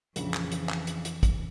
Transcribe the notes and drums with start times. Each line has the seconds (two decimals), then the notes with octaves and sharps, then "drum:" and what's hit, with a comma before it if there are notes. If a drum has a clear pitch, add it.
0.16 A#1 F2 C#3 E3, drum: hi-hat
0.34 drum: clap
0.52 drum: hi-hat
0.69 drum: clap
0.87 drum: hi-hat
1.05 drum: hi-hat
1.23 drum: kick, hi-hat